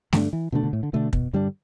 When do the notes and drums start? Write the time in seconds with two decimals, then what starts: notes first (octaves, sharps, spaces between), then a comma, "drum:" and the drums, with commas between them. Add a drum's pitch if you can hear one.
0.13 G2 D3 A3 D4, drum: snare A3
0.33 E3
0.52 B2 D3 A3 D4
0.63 D3
0.73 A2
0.83 D3
0.93 B2 D3 A3 D4
1.13 B2, drum: kick
1.33 G2 D3 G3 D4